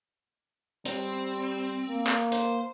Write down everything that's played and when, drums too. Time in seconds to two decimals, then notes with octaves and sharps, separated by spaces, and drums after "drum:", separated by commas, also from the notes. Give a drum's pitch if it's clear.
0.85 G3 C4, drum: hi-hat
1.90 A#3
2.07 drum: clap
2.32 C5, drum: hi-hat